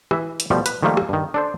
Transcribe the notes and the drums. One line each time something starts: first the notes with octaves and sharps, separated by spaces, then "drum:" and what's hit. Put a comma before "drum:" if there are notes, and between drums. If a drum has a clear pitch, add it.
E3 E5, drum: rim click
drum: hi-hat
B2 F3 G3 A3
B4, drum: hi-hat
D#3 F3 G3 A3 A#3
drum: rim click
G2 D#3
D4 A4 C5